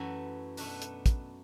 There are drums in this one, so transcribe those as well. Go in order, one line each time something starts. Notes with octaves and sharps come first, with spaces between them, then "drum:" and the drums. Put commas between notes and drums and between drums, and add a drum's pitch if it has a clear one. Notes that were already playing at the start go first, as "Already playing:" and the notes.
Already playing: F#2 E3 A3 F#4 B4
B2 A3 D4 B4, drum: open hi-hat
drum: hi-hat
drum: kick, hi-hat